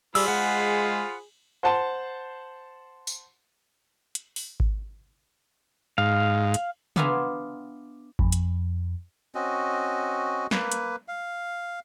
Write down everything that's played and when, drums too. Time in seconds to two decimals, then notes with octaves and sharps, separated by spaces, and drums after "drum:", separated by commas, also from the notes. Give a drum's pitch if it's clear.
0.15 G3 F4 G#4 C5 B5 E6, drum: cymbal
0.28 G#3 F#5
1.63 C5 F#5 A5 C6
3.07 drum: tambourine
4.15 drum: hi-hat
4.36 drum: open hi-hat
4.60 drum: kick G#1
5.98 G#2 F5
6.54 drum: hi-hat
6.96 B3 D4 F4 E5 G#5 A#5, drum: tom
8.19 F2, drum: kick G#1
8.32 drum: hi-hat
9.35 C4 C#4 F#4 D#5
10.51 A#3 B4, drum: snare
10.72 drum: hi-hat
11.08 F5